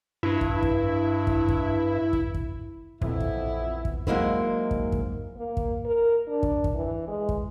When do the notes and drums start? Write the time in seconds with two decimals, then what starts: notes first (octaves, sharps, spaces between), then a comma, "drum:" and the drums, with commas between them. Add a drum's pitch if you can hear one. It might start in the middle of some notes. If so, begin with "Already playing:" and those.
0.23 G2 E4
0.41 drum: kick
0.62 drum: kick
1.27 drum: kick
1.48 drum: kick
2.13 drum: kick
2.34 drum: kick
3.02 A#1 F2 E3 B3 E4, drum: kick
3.20 drum: kick
3.85 drum: kick
4.07 F#3 G#3 A#3 D#4 E4 C5, drum: kick
4.71 drum: kick
4.92 drum: kick
5.36 A#3
5.57 drum: kick
5.85 A#4
6.27 D4
6.43 drum: kick
6.64 drum: kick
6.74 E3
7.07 G#3
7.29 drum: kick